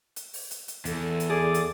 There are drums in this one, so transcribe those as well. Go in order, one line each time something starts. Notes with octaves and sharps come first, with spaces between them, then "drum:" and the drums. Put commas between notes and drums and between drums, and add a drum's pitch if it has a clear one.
drum: hi-hat
drum: open hi-hat
drum: hi-hat
drum: hi-hat
E2 A4, drum: hi-hat
drum: hi-hat
G#4 D5 D6 D#6
drum: hi-hat